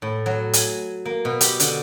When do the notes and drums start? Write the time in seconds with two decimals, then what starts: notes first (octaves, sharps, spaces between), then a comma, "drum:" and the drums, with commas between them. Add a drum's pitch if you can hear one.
0.02 A2
0.26 F#3
0.53 G#5, drum: hi-hat
1.05 A#3
1.25 B2
1.41 G4, drum: hi-hat
1.60 D3, drum: hi-hat